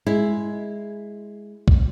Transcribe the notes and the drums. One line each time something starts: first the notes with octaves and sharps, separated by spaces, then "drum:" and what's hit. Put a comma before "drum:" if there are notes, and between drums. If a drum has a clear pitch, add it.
G#3 E4
drum: kick